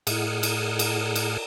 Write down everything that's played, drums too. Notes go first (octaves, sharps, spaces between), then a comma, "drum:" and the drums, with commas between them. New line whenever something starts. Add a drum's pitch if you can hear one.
A2 G#4 F#5 F6, drum: cymbal
drum: cymbal
drum: cymbal
drum: cymbal